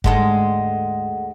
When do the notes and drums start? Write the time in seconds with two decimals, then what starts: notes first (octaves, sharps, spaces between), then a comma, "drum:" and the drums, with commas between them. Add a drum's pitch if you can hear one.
0.04 D2 G#2 G#3 A4 F#5, drum: kick F1